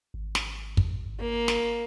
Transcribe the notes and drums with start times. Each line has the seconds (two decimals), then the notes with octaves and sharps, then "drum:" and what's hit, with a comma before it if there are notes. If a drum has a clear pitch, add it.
0.14 G#1
0.35 drum: snare
0.77 drum: kick
1.20 A#3
1.48 drum: snare